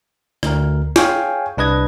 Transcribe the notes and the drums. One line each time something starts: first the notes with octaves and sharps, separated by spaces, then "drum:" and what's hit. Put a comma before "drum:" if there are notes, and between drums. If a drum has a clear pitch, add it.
D2 A#4, drum: rim click
G#4 C#5 F5 G5 G#5, drum: snare
C2 D4 B4 D#5 G#6